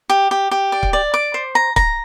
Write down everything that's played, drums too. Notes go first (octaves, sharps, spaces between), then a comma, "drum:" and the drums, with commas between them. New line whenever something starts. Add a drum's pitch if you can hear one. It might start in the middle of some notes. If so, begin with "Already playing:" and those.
G4
G4
G4
D5
drum: kick C#1
D5
D6
C5
A#5
A#5, drum: kick C#1